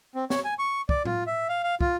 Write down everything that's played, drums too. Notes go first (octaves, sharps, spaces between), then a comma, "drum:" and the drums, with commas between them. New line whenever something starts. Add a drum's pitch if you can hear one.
C4
C#5, drum: snare
G#5
C#6
D5, drum: kick
F4, drum: tom A2
E5
F5
F5
F4, drum: kick